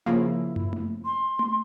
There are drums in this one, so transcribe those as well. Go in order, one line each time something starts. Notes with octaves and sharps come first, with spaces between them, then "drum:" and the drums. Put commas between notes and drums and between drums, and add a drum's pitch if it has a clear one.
C#3 F3 A#3 E4
drum: tom
drum: tom A3
C6
drum: tom A3